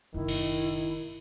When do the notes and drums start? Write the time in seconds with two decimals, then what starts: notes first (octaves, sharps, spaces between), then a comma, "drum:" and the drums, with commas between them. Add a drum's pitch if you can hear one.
0.14 F#1 B2 D#3 E4
0.28 drum: cymbal